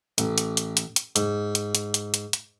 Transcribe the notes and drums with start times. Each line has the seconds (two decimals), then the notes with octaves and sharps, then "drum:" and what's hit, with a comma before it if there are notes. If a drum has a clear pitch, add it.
0.18 A1, drum: hi-hat
0.38 drum: hi-hat
0.57 drum: hi-hat
0.77 drum: hi-hat
0.96 drum: hi-hat
1.16 G#2, drum: hi-hat
1.55 drum: hi-hat
1.75 drum: hi-hat
1.94 drum: hi-hat
2.14 drum: hi-hat
2.33 drum: hi-hat